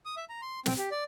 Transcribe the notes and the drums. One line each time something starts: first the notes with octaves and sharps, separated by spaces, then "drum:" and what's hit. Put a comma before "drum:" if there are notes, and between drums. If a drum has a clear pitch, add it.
D#6
E5
A#5
C6
C4, drum: snare
G4
D5